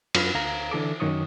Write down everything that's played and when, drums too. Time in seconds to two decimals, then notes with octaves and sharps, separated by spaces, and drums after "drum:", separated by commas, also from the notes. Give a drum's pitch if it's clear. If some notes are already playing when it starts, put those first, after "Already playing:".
0.15 F#2 C#4 F4 B4 B5 F6, drum: cymbal
0.34 D2 F5 A#5
0.71 D3 E3 A4 D6
1.00 F#2 D#3 C#5 C#6 D#6